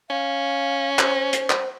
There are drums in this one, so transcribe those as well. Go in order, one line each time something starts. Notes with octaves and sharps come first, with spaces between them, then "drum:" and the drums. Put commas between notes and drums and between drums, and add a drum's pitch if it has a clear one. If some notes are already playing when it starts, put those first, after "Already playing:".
C#4 F5
C5, drum: clap
drum: hi-hat
drum: clap